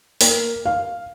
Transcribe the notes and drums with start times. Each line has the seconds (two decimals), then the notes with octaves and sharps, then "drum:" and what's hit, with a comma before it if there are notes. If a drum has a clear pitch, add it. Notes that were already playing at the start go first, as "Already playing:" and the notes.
0.21 A#3, drum: open hi-hat
0.66 F5